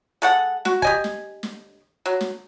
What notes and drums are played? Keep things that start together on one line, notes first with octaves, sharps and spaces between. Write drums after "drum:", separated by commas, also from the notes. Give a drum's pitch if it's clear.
G#3 A4 F#5
F#4, drum: snare
G4 D#5 G#5, drum: kick
drum: snare
drum: snare
F#3
drum: snare